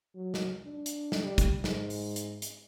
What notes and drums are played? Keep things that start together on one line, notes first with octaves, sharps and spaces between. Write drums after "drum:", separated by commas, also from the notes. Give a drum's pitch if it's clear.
F#3
drum: snare
D4
drum: hi-hat
drum: snare
G3
drum: kick, hi-hat
G#2, drum: snare
drum: open hi-hat
drum: hi-hat
drum: hi-hat